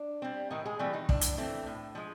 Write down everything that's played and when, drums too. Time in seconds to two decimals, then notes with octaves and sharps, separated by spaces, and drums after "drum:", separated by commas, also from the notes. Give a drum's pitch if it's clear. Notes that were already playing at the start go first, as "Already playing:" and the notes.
Already playing: D4
0.22 G3 C4
0.50 A2 D#3 D#4
0.66 G#3 G#4
0.79 E3 G3 A3 C4 G4
0.93 D#3 D#4
1.09 A2 D4, drum: kick
1.21 drum: hi-hat
1.38 E3 A3 C4
1.66 A2
1.95 F3 G#3